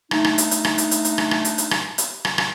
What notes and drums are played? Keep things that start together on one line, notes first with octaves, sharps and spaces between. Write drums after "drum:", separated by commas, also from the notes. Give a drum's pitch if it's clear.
A3 D4 D#4, drum: rim click
drum: rim click
drum: hi-hat
drum: hi-hat
drum: rim click
drum: hi-hat
drum: hi-hat
drum: hi-hat
drum: rim click
drum: rim click
drum: hi-hat
drum: hi-hat
drum: rim click
drum: hi-hat
drum: rim click
drum: rim click